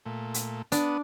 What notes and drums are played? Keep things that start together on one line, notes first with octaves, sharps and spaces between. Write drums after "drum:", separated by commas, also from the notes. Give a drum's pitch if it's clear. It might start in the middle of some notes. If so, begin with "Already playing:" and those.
A#2 A3
drum: hi-hat
B3 D4 D#6, drum: hi-hat